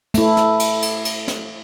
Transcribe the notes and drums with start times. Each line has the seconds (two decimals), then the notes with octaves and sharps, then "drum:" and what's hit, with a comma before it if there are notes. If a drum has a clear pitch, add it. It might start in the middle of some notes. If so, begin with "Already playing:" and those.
0.14 A3 E4, drum: cymbal
0.37 drum: snare
0.60 drum: cymbal
0.82 drum: cymbal
1.05 drum: cymbal
1.28 drum: snare